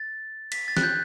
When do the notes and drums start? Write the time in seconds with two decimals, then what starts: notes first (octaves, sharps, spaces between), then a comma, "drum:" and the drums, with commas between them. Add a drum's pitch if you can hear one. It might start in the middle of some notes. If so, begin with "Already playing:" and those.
Already playing: A6
0.52 B6, drum: cymbal
0.68 A6
0.77 F#6, drum: snare
0.83 G6